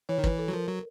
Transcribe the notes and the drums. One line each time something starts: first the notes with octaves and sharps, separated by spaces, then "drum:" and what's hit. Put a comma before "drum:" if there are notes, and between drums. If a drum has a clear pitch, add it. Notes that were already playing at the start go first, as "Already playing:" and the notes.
E3 C#5
D#3
B4, drum: kick
E3
A4
F#3
F3 A#4
F#3